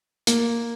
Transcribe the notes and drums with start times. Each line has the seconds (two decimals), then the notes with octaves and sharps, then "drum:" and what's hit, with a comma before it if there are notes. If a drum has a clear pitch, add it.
0.27 A#3, drum: hi-hat